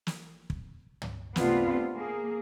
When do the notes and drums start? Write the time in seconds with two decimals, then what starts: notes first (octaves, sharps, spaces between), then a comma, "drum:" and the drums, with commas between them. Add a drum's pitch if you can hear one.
0.07 drum: snare
0.50 drum: kick
1.02 drum: tom
1.36 C3 A3 B3 C4 D4 F4, drum: snare
1.94 A#3 G#4